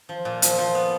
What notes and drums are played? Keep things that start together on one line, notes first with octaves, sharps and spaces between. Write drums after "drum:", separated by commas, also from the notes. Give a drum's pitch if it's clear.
F3
A#2
F3, drum: hi-hat
F3
B3